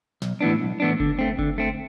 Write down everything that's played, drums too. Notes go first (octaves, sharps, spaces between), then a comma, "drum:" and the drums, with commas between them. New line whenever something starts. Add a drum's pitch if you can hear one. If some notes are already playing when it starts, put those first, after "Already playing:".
B1, drum: snare
A2 E3 B3 D4
B1
A2 E3 B3 D4
D3, drum: kick F#1
A3 C4
D3, drum: kick F#1
A3 C4